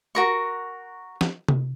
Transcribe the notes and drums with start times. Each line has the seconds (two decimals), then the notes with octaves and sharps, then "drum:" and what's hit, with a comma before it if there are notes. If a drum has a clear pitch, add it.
0.15 F#4 A#4 C#6
1.21 drum: snare
1.48 drum: tom C3